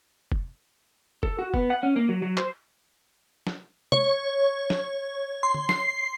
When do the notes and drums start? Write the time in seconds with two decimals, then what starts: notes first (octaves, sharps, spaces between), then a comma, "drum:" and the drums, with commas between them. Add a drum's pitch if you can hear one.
0.32 drum: kick F1
1.23 A4, drum: kick F1
1.39 F#4
1.54 B3, drum: kick F1
1.70 F#5
1.83 C#4
1.96 A#3
2.09 F#3
2.22 F#3
2.37 C5, drum: clap
3.47 drum: snare
3.92 C#5, drum: tom C3
4.70 drum: snare
5.43 C6
5.54 drum: tom D3
5.69 C7, drum: snare